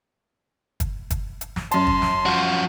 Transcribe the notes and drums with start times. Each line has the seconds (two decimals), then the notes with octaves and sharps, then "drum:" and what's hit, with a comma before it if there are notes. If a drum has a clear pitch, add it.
0.80 drum: kick, hi-hat
1.10 drum: kick, hi-hat
1.41 drum: hi-hat
1.56 drum: snare
1.71 F#2 A5 C6, drum: hi-hat
1.87 drum: kick
2.02 drum: snare
2.26 F3 F#4